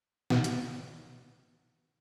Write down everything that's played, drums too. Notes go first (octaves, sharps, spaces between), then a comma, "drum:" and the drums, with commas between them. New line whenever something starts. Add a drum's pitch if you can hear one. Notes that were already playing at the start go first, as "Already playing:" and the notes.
B2 B3, drum: snare
drum: hi-hat